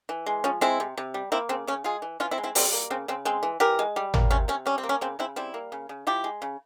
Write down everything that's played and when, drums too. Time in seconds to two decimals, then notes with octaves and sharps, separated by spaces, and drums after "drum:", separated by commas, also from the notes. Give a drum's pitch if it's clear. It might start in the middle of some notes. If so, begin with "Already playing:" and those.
0.09 E3
0.26 G#3
0.44 F3 C#4
0.61 G#3 C4 E4
0.80 C3
0.98 C3
1.14 G3
1.32 A#3 C4 E4
1.49 C#3 C4
1.67 C#3 C#4
1.84 G#3 F4 G#4
2.02 E3
2.20 E3 C#4 F4
2.31 C4 E4
2.38 G#3
2.44 C4 E4
2.55 G3 C4, drum: open hi-hat
2.73 A#3
2.90 C#3 C4
3.08 C#3 C4
3.25 G#3 C4
3.43 E3
3.60 E3 G4 A#4
3.79 G#3
3.96 G3
4.14 A#3, drum: tom G#1
4.31 C3 C#4
4.48 C3 C#4
4.66 G3 C#4
4.78 C4
4.84 A#3
4.89 C#4
5.01 C#3 C4
5.19 C#3 C4 E4
5.36 G3 C4 E4
5.54 A#3
5.72 C#3
5.89 C#3
6.07 F3 E4 G4
6.24 G#3
6.42 C#3